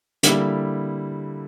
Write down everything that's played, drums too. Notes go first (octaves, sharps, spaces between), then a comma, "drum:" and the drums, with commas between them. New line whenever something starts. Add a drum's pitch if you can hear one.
D3 G3 A#3 E4, drum: hi-hat